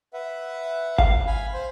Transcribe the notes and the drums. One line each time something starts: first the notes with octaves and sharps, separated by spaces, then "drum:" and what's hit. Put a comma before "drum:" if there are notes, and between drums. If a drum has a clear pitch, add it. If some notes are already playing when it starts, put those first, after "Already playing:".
B4 E5 F#5
F5, drum: kick G1
G#5 B5 F6
C5 C6